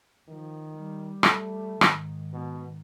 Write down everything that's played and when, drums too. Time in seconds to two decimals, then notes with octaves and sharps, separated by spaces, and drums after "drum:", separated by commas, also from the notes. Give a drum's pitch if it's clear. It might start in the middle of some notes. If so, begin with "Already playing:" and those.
0.28 D#3 F3
0.76 G3
1.23 A3, drum: rim click
1.81 G#2 D#3, drum: rim click
2.33 B2